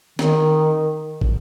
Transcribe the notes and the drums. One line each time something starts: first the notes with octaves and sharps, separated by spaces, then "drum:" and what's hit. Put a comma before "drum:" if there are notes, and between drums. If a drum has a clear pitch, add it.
D#3, drum: snare C4
drum: kick